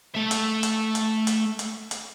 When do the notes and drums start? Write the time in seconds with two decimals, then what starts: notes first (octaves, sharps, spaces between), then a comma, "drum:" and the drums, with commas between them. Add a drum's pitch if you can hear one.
0.15 A3 E5
0.31 drum: hi-hat
0.63 drum: hi-hat
0.95 drum: hi-hat
1.27 drum: hi-hat
1.59 drum: hi-hat
1.91 drum: hi-hat